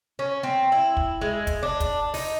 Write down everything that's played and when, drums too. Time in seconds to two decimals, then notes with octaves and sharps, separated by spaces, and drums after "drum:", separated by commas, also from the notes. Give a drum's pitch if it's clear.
0.19 C#4
0.43 C4
0.72 E4
0.97 drum: kick
1.21 G#3
1.47 drum: kick, hi-hat
1.63 D4
1.80 drum: kick, hi-hat
2.14 D#4, drum: open hi-hat